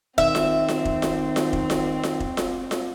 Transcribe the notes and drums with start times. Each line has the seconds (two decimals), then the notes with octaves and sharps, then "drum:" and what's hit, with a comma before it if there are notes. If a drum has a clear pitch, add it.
0.18 D#3 C4 E5, drum: kick F1
0.35 drum: snare F4
0.68 drum: snare F4
0.85 drum: kick F1
1.02 drum: snare F4
1.36 drum: snare F4
1.53 drum: kick F1
1.70 drum: snare F4
2.03 drum: snare F4
2.20 drum: kick F1
2.37 drum: snare F4
2.71 drum: snare F4